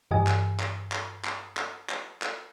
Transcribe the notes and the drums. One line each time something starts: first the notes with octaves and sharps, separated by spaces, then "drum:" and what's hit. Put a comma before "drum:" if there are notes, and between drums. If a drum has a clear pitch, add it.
G2 E3 G4 D#5 G#5
drum: clap
drum: clap
drum: clap
drum: clap
drum: clap
drum: clap
drum: clap